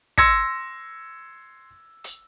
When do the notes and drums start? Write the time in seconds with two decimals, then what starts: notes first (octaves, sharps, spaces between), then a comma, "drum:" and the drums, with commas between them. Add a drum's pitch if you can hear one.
0.18 C6 E6 G#6 A#6 C#7, drum: kick
2.04 drum: hi-hat